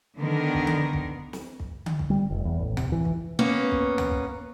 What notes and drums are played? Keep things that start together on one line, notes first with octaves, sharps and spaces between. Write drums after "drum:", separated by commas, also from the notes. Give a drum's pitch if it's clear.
D3 D#3 B3 A#4
drum: kick
drum: tom D3
drum: kick
drum: snare
drum: kick
drum: tom D3
drum: kick
G3
F1
E2
A1
C3, drum: tom D2
E3
drum: kick
A#3 B3 C#4
drum: kick
drum: tom D2
drum: kick